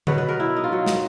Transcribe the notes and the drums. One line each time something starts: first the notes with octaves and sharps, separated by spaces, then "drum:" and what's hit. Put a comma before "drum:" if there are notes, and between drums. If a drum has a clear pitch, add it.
B2 F#3 B4, drum: tom D3
B4
A#4
E4
D#4
F4
B2 F#3
drum: snare